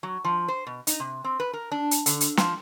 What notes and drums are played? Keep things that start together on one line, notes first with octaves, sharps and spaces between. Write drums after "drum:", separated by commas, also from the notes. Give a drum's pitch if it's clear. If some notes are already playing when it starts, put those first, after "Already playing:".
F#3
F3
C5
B2
D#4, drum: hi-hat
C3
C4
B4
A#4
D4
drum: hi-hat
D3, drum: hi-hat
drum: hi-hat
F3, drum: snare